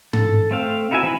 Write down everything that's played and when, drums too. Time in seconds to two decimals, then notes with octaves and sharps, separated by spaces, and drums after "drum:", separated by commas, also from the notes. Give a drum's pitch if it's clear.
0.13 A4, drum: tom G#2
0.51 A3 C4 F5
0.91 D#4 E4 F#4 E5 G#5
1.03 E3 C4 E5 G#5 B5